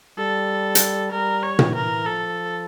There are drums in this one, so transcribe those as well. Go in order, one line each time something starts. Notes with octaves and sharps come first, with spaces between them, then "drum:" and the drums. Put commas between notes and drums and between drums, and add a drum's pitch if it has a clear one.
G3 A4
drum: hi-hat
G3 A#4
C#5
E3, drum: tom A#2
A#4
F3 A4